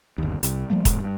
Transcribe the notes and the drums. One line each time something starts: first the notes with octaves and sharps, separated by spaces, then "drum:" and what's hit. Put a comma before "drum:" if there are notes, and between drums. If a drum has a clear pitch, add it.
G1 D#2
C2, drum: hi-hat
F3 G3 A3 A#3
E1 G#2, drum: kick E1, hi-hat
G2